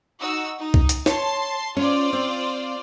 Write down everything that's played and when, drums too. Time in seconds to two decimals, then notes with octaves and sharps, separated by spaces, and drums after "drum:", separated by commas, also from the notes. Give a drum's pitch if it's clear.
0.20 D#4 F#4 E6
0.58 D#4
0.74 drum: kick C2
0.89 drum: hi-hat
1.06 C#5 A5 C6 C7, drum: snare
1.77 C#4 F4 C5 D5
2.13 C4